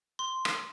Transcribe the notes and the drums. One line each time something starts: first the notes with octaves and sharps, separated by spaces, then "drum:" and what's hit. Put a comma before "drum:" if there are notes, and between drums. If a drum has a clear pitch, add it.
C6
drum: rim click